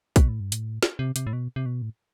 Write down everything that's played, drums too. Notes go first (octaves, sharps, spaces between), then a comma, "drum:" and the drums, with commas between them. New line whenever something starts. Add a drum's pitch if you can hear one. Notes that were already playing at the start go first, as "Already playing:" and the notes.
B2, drum: kick A#1, hi-hat
A2
G2
A2, drum: hi-hat
drum: snare
C3
C3, drum: hi-hat
A2
B2
C3
B2
A2